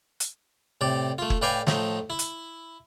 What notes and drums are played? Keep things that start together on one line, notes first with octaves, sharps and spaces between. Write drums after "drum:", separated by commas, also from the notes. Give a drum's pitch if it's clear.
drum: hi-hat
A2 C3 D5
A3 F4
drum: kick
A2 B4 D5 F5 G5 G#5
A2 F3 A3 D#4, drum: snare
E4
drum: hi-hat